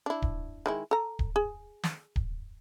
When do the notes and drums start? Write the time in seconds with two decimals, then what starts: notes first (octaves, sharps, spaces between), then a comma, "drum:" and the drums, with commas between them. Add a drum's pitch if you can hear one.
0.06 D4 E4
0.22 drum: kick D1
0.66 D#3 G#3 E4
0.91 A4 A#5
1.19 drum: kick D1
1.36 G#4
1.83 drum: snare
2.16 drum: kick D1